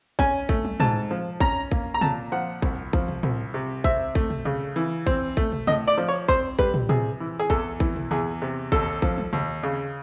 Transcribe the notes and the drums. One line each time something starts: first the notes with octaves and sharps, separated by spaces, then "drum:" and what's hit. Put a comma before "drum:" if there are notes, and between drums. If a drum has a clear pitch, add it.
C#4 G#5, drum: kick
A3, drum: kick
drum: tom
G#2 A5, drum: tom
F3
C#4 A#5, drum: kick
A#3, drum: kick
A#5
A#2 A5, drum: tom
F3 F#5
C2, drum: kick
F3, drum: kick
drum: tom
C2, drum: tom
C3
C4 E5, drum: kick
A3, drum: kick
drum: tom
C#3, drum: tom
E3
C4, drum: kick
A3, drum: kick
drum: tom
A2 D#5, drum: tom
D5
F3
C#5
C4 C5, drum: kick
G3 B4, drum: kick
drum: tom
C3 G#4, drum: tom
E3
G#4
E2 A4, drum: kick
E3, drum: kick
drum: tom
E2 G#4, drum: tom
C3
D#2 A4, drum: kick
F3, drum: kick
drum: tom
D#2, drum: tom
C#3